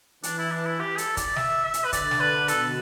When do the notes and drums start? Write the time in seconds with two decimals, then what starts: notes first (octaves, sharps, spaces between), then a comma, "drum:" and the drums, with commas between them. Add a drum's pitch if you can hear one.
0.23 E3 D4, drum: hi-hat
0.38 E4
0.51 D4
0.65 E4
0.80 G4
0.98 A4, drum: hi-hat
1.17 D5, drum: kick, hi-hat
1.36 E5, drum: snare
1.64 E5
1.74 drum: hi-hat
1.84 B4
1.93 D3 D5, drum: kick, hi-hat
2.11 drum: snare
2.20 B4
2.48 B2 A4, drum: hi-hat